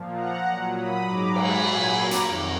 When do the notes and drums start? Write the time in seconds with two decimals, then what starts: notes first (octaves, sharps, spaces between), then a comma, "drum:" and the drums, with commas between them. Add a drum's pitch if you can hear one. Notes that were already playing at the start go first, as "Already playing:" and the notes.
Already playing: A#2 F3
0.15 F#5 A#5
0.45 A#2 F#3
0.75 B5 D#6
1.05 G#2 F#3 A#5 D6
1.35 G#5 B5, drum: cymbal
1.65 A#2 F#3
1.95 A#5 D6
2.11 drum: hi-hat
2.26 F2 D#3 F#3